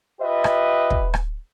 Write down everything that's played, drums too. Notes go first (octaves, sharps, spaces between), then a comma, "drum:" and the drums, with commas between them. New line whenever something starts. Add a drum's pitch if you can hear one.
F4 G4 B4 D#5 E5
drum: rim click
drum: kick
drum: rim click